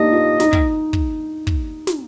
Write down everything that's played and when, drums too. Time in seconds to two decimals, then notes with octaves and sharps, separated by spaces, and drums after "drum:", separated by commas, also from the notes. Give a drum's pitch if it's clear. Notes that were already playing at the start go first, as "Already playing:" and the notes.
Already playing: A#3 D4 D#4 G4 D#5
0.13 F4
0.40 D#4, drum: snare
0.53 drum: kick
0.93 drum: kick
1.47 drum: kick
1.87 drum: snare